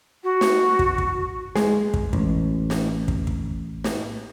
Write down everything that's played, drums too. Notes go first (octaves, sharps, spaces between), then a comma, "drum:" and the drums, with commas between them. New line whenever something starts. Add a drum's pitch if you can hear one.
F#4
drum: snare
drum: kick
drum: kick
G#3, drum: snare
drum: kick
A1, drum: kick
drum: snare
drum: kick
drum: kick
drum: snare